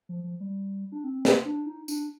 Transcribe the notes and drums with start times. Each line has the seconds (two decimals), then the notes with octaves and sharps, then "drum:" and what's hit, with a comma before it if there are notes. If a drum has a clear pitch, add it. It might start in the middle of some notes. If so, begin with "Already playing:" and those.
0.09 F3
0.24 F3
0.40 G3
0.92 D4
1.04 C4
1.25 A#3, drum: snare
1.45 D4
1.66 D#4
1.88 D4, drum: tambourine